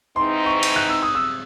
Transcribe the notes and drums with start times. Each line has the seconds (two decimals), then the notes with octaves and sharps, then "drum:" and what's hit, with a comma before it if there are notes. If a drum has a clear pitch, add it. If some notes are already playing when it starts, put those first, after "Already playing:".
0.16 G#2 E3 C4 D#4 C6
0.46 C#6
0.63 drum: cymbal
0.76 F#6
0.89 E6
1.03 D#6
1.15 E6